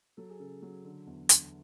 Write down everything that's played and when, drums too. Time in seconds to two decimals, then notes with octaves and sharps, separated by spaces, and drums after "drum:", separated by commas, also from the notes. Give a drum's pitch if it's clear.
0.17 F#3 A4
0.30 G#4
0.40 C#3 A4
0.62 F#3
0.85 D3
1.07 E2
1.29 D3, drum: hi-hat